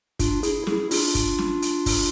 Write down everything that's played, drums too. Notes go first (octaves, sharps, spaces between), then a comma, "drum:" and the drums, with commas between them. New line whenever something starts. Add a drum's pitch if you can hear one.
D4 F4, drum: kick, hi-hat
E4 G#4, drum: hi-hat
E4 G#4, drum: snare
D4 F4, drum: open hi-hat
drum: kick, hi-hat
drum: snare
drum: hi-hat
drum: kick, open hi-hat